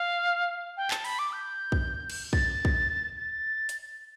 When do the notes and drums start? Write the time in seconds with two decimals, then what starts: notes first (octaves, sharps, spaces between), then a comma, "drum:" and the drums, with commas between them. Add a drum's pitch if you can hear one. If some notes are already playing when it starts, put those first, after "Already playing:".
Already playing: F5
0.77 G5
0.91 A5, drum: clap
1.05 B5, drum: open hi-hat
1.19 D6
1.33 G6
1.72 drum: kick B1
2.10 drum: cymbal
2.33 A6, drum: kick B1
2.65 drum: kick B1
3.18 A6
3.69 drum: hi-hat